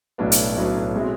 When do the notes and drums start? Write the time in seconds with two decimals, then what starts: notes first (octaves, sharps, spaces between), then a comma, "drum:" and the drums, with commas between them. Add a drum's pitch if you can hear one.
0.18 B1 A2 F#3 B3 D4
0.32 drum: hi-hat
0.57 B1 A2 F#3 B3 D4
0.95 B2 G#3 C4 E4